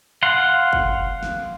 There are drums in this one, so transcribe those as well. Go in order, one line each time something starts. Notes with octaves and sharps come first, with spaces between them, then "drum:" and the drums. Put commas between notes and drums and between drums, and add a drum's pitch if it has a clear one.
F5 F#5 C6
drum: kick
drum: snare